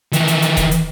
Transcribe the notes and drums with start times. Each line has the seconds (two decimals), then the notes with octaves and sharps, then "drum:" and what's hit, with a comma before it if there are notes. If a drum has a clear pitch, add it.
0.13 D#3 E3, drum: hi-hat
0.28 drum: hi-hat
0.42 drum: hi-hat
0.57 drum: kick D#1, hi-hat
0.71 drum: hi-hat